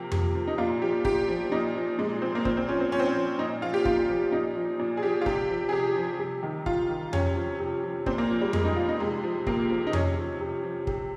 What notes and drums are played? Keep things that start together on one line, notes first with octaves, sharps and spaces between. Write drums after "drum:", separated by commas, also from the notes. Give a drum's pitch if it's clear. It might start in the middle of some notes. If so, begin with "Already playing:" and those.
Already playing: C3 F3 A#3
C3, drum: tom F2
F3
D#4
A#2 F4
F3 G4
A#2 G4, drum: kick
F3
A#2 D#4
F3
A#2 G#3
F3 C4
A#3
A#2 C4, drum: kick
C4
F3 C#4
C4
A#2 C#4
C4
C#4
F3
A#2 D#4
F3 F4
G4
A#2 F4, drum: kick
F3
A#2 D#4
F3
A#2
G#4
F3 G4
F4
C3 G4, drum: kick
F3
G#4
C3 G4
F3
C3
D#3
C3 F4, drum: kick
D#3
C3 C#4, drum: tom F2
F3
C3
F3
A#2 C4, drum: kick
A#3
F3
G3
A#2 G#3, drum: tom F2
D#4
F3 F4
D#4
C3 G#3
F3
C3 A#3, drum: kick
F3
D#4
C3 C#4, drum: tom F2
F3
C3
F3
C3, drum: kick